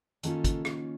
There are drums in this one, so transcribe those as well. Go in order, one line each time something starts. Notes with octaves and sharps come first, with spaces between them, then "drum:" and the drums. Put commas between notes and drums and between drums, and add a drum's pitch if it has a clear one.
D#3 A#3 C#4 F4 A4, drum: hi-hat
drum: kick, hi-hat
drum: rim click